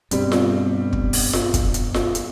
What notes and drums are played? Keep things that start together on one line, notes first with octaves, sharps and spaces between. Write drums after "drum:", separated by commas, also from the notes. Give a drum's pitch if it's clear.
G2 B2 G3 C4, drum: hi-hat
drum: snare F4
drum: kick
drum: open hi-hat
drum: snare F4
drum: kick, hi-hat
drum: hi-hat
drum: snare F4
drum: hi-hat